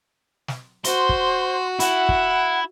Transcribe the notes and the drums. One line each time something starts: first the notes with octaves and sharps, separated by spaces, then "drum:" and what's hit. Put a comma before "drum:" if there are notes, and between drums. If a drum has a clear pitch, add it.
drum: snare
F#4 C5 C6, drum: hi-hat
drum: kick
E4 F#5, drum: hi-hat
drum: kick